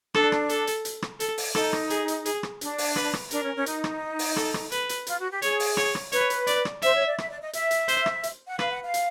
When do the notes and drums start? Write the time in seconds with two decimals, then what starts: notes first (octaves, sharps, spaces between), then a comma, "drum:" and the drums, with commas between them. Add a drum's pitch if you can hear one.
0.14 D4 A4, drum: rim click
0.32 drum: rim click
0.49 A4, drum: hi-hat
0.67 drum: hi-hat
0.85 drum: hi-hat
1.02 drum: rim click
1.20 A4, drum: hi-hat
1.38 drum: open hi-hat
1.55 D#4 A4, drum: rim click
1.73 drum: rim click
1.90 G#4, drum: hi-hat
2.08 drum: hi-hat
2.26 G#4, drum: hi-hat
2.43 drum: rim click
2.61 D4, drum: hi-hat
2.78 drum: open hi-hat
2.96 B4, drum: rim click
3.13 drum: rim click
3.31 D4 A#4, drum: hi-hat
3.42 C#4
3.55 C#4
3.66 D#4, drum: hi-hat
3.84 drum: rim click
4.19 drum: open hi-hat
4.36 A4, drum: rim click
4.54 drum: rim click
4.72 B4, drum: hi-hat
4.89 drum: hi-hat
5.07 F4, drum: hi-hat
5.19 F#4
5.30 G4
5.42 G#4 C#5, drum: hi-hat
5.60 drum: open hi-hat
5.77 C#5, drum: rim click
5.95 drum: rim click
6.12 B4 C#5, drum: hi-hat
6.30 drum: hi-hat
6.47 D5, drum: hi-hat
6.65 drum: rim click
6.82 C5 E5, drum: hi-hat
6.95 C#5
7.06 D5
7.18 E5, drum: rim click
7.29 D5
7.41 D#5
7.53 E5, drum: hi-hat
7.71 drum: hi-hat
7.88 C5, drum: hi-hat
8.06 drum: rim click
8.23 drum: hi-hat
8.47 F#5
8.59 B4 F5, drum: rim click
8.70 F#5
8.83 F5
8.94 drum: hi-hat